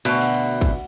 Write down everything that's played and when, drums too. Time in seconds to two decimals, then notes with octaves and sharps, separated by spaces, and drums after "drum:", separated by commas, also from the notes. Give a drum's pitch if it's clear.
0.05 D2 B2, drum: cymbal
0.21 drum: open hi-hat
0.61 drum: kick